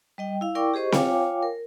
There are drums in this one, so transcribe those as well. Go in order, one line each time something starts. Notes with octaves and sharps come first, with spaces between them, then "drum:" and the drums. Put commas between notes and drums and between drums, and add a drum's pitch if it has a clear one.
G3 D#5 G5
E4 F5
E4 A#4 D5 G5 C#6 D6
G4 G#4 C5 D#5 C#6
F4 C#5 F5 G5 G#5 D6, drum: snare C4
A#4